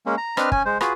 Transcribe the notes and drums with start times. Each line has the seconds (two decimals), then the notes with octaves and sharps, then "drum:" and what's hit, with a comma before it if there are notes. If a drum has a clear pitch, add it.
0.06 G#3 A#3 C#4
0.17 A#5
0.37 C4 D4 B4 D#5 F6, drum: rim click
0.52 C#4 G#5, drum: kick
0.65 G#3 C5
0.81 F4 F#4 G#4 B4, drum: rim click